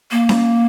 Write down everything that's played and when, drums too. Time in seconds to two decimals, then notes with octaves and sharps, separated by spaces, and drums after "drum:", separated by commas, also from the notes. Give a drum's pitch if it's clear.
0.11 A#3
0.29 drum: snare C#4